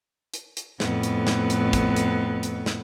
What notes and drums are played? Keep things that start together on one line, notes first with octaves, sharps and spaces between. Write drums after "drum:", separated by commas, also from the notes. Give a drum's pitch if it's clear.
drum: hi-hat
drum: hi-hat
F2 A2 B3, drum: snare
drum: hi-hat
drum: snare
drum: hi-hat
drum: kick, hi-hat
drum: hi-hat
drum: hi-hat
drum: snare